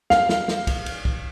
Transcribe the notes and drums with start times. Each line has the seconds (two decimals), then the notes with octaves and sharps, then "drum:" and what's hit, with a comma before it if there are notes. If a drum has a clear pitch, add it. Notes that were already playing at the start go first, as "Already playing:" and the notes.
0.10 F5, drum: snare
0.29 drum: snare
0.48 drum: snare
0.67 drum: kick, cymbal
0.86 drum: cymbal
1.05 drum: kick